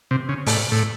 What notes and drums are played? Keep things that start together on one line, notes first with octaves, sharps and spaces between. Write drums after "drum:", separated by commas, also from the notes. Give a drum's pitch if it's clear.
C3
C#3
A2, drum: open hi-hat
A2